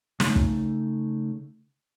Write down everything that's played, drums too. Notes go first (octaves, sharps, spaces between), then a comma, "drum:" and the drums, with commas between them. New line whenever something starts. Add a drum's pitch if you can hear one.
C#3 A3 D#4, drum: snare
drum: kick